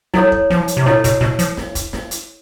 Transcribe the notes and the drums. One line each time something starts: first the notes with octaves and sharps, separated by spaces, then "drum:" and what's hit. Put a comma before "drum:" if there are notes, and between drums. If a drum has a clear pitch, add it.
F#3 E4 A4 C#5, drum: snare
drum: kick E1
F3, drum: snare
drum: hi-hat
C3
B2 E4 A4 C#5, drum: snare
B2, drum: kick E1, hi-hat
B2, drum: snare
F3, drum: hi-hat
drum: snare
drum: kick E1, hi-hat
drum: snare
drum: hi-hat